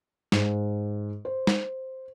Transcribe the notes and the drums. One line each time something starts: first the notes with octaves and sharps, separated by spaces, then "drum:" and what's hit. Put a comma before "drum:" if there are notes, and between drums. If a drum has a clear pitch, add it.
G#2, drum: snare
C5
drum: snare